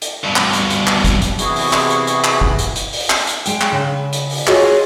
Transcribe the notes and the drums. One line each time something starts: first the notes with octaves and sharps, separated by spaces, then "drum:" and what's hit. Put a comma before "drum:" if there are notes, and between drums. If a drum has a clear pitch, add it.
drum: hi-hat
G2 B2
drum: clap
drum: hi-hat
drum: hi-hat
drum: clap
drum: kick, hi-hat
drum: hi-hat
C3 E3 B3 E4 F#4 G#4, drum: hi-hat
drum: open hi-hat
drum: clap
drum: hi-hat
drum: hi-hat
drum: clap
drum: kick
drum: hi-hat
drum: hi-hat
drum: open hi-hat
drum: clap
drum: hi-hat
G#3 G5, drum: hi-hat
drum: clap
C#3
drum: hi-hat
drum: open hi-hat
F4 F#4 G#4 C#5 D#5, drum: clap